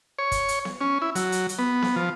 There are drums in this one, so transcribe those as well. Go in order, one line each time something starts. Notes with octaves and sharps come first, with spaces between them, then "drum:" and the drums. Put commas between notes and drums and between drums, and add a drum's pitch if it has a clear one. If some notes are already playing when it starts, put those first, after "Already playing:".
C#5
drum: kick, hi-hat
drum: hi-hat
drum: snare B3
C#4
E4
F#3, drum: hi-hat
drum: hi-hat
drum: hi-hat
B3
drum: snare B3
F3